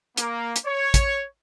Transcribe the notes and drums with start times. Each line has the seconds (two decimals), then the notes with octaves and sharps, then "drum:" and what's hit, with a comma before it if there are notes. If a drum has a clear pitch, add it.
0.17 A#3, drum: hi-hat
0.56 drum: hi-hat
0.66 C#5
0.94 drum: kick, hi-hat